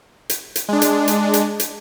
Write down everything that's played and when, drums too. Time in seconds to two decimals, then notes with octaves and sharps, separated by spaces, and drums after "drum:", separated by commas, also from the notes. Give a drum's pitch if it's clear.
0.30 drum: hi-hat
0.56 drum: hi-hat
0.69 G#3 D4
0.82 drum: hi-hat
1.08 drum: hi-hat
1.34 drum: hi-hat
1.60 drum: hi-hat